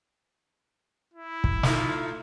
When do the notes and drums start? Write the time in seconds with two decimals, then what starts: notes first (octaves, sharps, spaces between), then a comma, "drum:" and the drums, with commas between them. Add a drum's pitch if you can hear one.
1.14 E4
1.44 drum: kick
1.63 A3 D#4 F4, drum: snare